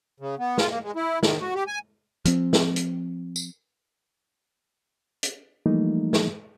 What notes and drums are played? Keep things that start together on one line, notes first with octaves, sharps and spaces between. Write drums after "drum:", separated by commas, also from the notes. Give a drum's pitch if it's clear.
C#3
B3
F4, drum: snare
A#3
G#3
E4
D#3, drum: snare
F#4
G4
G#5
F3 C4, drum: hi-hat
drum: snare
drum: hi-hat
drum: tambourine
drum: hi-hat
E3 F3 G3 A3 A#3 D#4
drum: snare